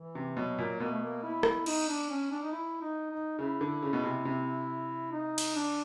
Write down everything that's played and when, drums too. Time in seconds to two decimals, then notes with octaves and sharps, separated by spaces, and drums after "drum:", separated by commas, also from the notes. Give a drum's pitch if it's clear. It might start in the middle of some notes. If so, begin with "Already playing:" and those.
Already playing: E3
0.15 C3
0.37 B2 F#3
0.58 A#2
0.80 B2 A#3
0.91 A3
1.02 A#3
1.23 E4
1.43 drum: rim click
1.66 D#4, drum: cymbal
1.88 D4
2.10 C#4
2.31 D4
2.43 D#4
2.52 E4
2.81 D#4
3.10 D#4
3.39 C#3 E4
3.61 D3
3.82 C#3
3.93 B2
4.03 C3
4.25 C3
5.12 D#4
5.38 drum: cymbal
5.55 D4